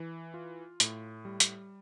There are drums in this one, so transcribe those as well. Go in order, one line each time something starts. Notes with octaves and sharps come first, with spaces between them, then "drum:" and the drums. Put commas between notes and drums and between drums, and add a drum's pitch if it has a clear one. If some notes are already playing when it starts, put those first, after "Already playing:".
Already playing: E3
F4
A2, drum: hi-hat
G3
drum: hi-hat